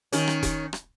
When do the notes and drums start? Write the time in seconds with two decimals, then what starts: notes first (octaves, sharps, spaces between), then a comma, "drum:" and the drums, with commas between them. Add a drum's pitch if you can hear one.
0.12 D#3 C#4, drum: hi-hat
0.28 drum: rim click
0.43 drum: kick E1, hi-hat
0.73 drum: rim click